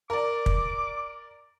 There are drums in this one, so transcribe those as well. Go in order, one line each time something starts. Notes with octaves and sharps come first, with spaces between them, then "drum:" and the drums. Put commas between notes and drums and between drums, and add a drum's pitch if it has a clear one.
A#4 D5 D6
drum: kick